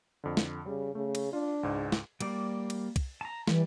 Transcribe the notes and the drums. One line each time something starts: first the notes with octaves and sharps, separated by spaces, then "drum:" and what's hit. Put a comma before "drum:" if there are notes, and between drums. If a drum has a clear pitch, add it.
F2 D3
drum: snare
C#3 G3
C#3 A3
drum: cymbal
D4 F4
C#2 G#2
drum: snare
G3 A#3 D5, drum: cymbal
drum: cymbal
drum: kick, cymbal
A5 A#5
E3 G3, drum: snare